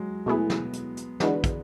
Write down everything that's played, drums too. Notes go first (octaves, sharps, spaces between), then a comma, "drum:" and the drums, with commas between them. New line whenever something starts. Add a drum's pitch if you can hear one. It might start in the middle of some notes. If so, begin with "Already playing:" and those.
Already playing: F#3 G#3
B2 A3 B3 E4 G#4
drum: snare
drum: hi-hat
drum: hi-hat
E3 G#3 D4 F#4 B4, drum: snare
drum: kick, hi-hat